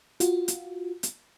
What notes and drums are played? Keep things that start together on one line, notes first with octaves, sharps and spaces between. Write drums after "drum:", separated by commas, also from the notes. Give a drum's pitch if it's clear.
F4 F#4, drum: hi-hat
drum: hi-hat
drum: hi-hat